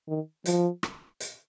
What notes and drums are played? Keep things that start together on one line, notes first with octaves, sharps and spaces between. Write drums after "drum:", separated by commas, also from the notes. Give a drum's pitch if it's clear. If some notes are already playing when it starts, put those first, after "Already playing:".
D#3
F3, drum: hi-hat
drum: rim click
drum: hi-hat